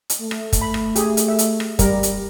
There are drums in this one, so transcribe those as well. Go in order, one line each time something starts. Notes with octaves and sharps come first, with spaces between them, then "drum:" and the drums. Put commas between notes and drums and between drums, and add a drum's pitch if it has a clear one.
drum: hi-hat
A3
drum: rim click
drum: kick, hi-hat
B5
drum: rim click
G4 G#4, drum: hi-hat
drum: hi-hat
E5
drum: hi-hat
drum: rim click
G3 A#4, drum: kick, hi-hat
drum: hi-hat